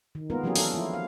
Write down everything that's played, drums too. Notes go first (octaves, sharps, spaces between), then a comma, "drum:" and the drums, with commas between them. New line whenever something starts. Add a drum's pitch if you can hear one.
D#3
G#3 A#3 B3 F4 A#4
E3 F#3 A#3 C#4 G4 G#4
D4 A4 A#4, drum: open hi-hat
F3 E4 F4
F5